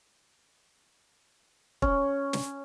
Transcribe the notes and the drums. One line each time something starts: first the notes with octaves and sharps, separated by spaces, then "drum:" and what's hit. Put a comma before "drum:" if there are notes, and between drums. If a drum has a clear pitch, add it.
C#4, drum: kick
drum: snare